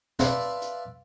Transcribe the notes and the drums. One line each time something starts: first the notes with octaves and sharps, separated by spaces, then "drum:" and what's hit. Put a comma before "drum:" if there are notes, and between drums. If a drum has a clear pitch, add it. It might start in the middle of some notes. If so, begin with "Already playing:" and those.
B4 D5 E5 F5 A5 C6, drum: snare
drum: hi-hat